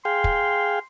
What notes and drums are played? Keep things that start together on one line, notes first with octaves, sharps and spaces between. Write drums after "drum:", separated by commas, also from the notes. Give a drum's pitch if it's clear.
G#4 F5 G5 C6
drum: kick